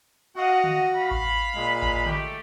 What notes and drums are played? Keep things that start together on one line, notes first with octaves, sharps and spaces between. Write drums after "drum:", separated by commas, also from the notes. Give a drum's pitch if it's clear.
F#4 D#5 F5 F#5
drum: tom D3
F5 B5
drum: kick A1
A#2 G#3
drum: kick A1
A3 G4, drum: tom D3